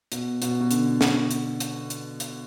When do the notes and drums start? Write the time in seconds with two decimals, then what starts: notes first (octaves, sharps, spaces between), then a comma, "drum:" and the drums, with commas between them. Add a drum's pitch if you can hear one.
0.12 B2, drum: hi-hat
0.42 B2, drum: hi-hat
0.60 B2
0.71 D3, drum: hi-hat
1.01 drum: snare
1.31 drum: hi-hat
1.60 drum: hi-hat
1.90 drum: hi-hat
2.20 drum: hi-hat